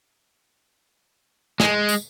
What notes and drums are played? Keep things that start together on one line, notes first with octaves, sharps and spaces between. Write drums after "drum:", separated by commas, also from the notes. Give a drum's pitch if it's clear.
G#3, drum: snare
drum: tambourine